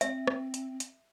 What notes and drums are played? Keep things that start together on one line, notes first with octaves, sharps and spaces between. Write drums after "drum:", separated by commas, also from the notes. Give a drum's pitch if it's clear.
C4 E5, drum: hi-hat
drum: rim click
drum: hi-hat
drum: hi-hat